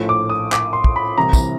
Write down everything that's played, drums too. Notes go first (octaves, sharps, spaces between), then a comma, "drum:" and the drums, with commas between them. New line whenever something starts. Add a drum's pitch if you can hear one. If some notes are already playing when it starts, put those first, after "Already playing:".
Already playing: A#1 A2 F3 A3
D6
D#6
D6, drum: clap
C6
drum: kick
B5
C2 C3 E3 A#5
drum: kick, tambourine